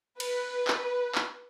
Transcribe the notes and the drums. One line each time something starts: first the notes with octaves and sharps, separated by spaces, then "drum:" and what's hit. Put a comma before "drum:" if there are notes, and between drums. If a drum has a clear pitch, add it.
B4, drum: cymbal
drum: clap
drum: clap